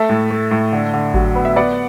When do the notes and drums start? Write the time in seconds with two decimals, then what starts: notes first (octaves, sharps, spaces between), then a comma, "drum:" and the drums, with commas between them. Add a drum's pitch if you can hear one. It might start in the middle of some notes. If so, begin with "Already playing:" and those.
Already playing: A3 E5 A5
0.09 A2
0.30 A3
0.51 A2
0.73 D3
0.94 D3
1.14 F#3, drum: kick G#1
1.35 B3
1.45 E5
1.56 B3 D5 F#5